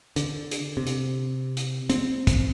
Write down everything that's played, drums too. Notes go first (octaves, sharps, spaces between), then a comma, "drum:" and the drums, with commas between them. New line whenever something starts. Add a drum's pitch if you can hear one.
D3, drum: hi-hat
drum: hi-hat
C3
drum: hi-hat
drum: hi-hat
C4, drum: hi-hat
drum: kick, hi-hat